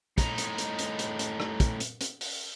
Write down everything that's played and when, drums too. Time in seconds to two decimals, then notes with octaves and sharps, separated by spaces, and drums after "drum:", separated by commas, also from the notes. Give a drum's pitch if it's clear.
0.18 A2 D#4, drum: kick, hi-hat
0.38 drum: hi-hat
0.58 drum: hi-hat
0.79 drum: hi-hat
0.99 drum: hi-hat
1.19 drum: hi-hat
1.40 drum: rim click
1.60 drum: kick, hi-hat
1.80 drum: hi-hat
2.01 drum: hi-hat
2.21 drum: open hi-hat